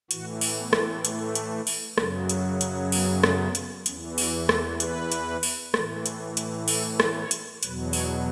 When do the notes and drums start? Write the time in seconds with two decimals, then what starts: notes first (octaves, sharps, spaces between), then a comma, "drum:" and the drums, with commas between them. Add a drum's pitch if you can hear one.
0.11 A2 E3 F#4, drum: hi-hat
0.41 drum: open hi-hat
0.57 B3
0.73 drum: rim click
1.05 A3, drum: hi-hat
1.35 drum: hi-hat
1.67 drum: open hi-hat
1.98 F#2 C#3 F#3, drum: rim click
2.29 drum: hi-hat
2.61 drum: hi-hat
2.92 B3, drum: open hi-hat
3.23 drum: rim click
3.40 B3
3.55 drum: hi-hat
3.86 E2 C#4, drum: hi-hat
3.91 E3
4.18 F#4, drum: open hi-hat
4.49 A4, drum: rim click
4.80 B4, drum: hi-hat
5.12 drum: hi-hat
5.43 drum: open hi-hat
5.74 A2 E3, drum: rim click
6.06 drum: hi-hat
6.37 drum: hi-hat
6.68 A4, drum: open hi-hat
7.00 drum: rim click
7.16 C#5
7.31 drum: hi-hat
7.63 E2 B2 F#3 B4, drum: hi-hat
7.93 C#5, drum: open hi-hat